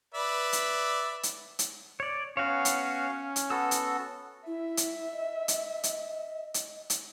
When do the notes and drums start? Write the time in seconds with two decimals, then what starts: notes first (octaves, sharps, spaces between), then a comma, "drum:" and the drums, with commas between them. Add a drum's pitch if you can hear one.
0.14 B4 D5 E5
0.53 drum: hi-hat
1.23 drum: hi-hat
1.59 drum: hi-hat
2.00 C#5 D5
2.37 B3 C#4 F#4 C#5 F5
2.65 drum: hi-hat
3.36 drum: hi-hat
3.50 B3 F#4 A4 E6
3.71 drum: hi-hat
4.47 E4 E5
4.77 drum: hi-hat
5.13 D#5
5.48 drum: hi-hat
5.83 drum: hi-hat
6.54 drum: hi-hat
6.90 drum: hi-hat